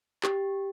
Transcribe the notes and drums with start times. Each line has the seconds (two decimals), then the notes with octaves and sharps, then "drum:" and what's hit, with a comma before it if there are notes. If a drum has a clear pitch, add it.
0.24 G4, drum: clap